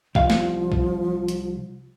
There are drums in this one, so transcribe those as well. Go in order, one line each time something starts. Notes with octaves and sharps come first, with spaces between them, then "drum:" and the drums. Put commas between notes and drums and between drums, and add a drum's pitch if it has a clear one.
C2 F3 F5, drum: kick
drum: snare
drum: kick
drum: hi-hat